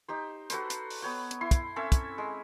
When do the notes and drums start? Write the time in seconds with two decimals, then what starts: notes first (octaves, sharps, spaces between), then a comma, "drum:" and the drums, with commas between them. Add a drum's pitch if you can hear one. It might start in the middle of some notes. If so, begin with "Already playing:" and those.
0.08 D#4 G4 C5
0.50 F#4 A4 B4 C5, drum: hi-hat
0.70 drum: hi-hat
0.90 drum: open hi-hat
1.02 B3 C#5 G5
1.31 drum: hi-hat
1.41 E4 C6
1.51 drum: kick, hi-hat
1.76 C4 C#4 A4 E5
1.92 drum: kick, hi-hat
2.18 G#3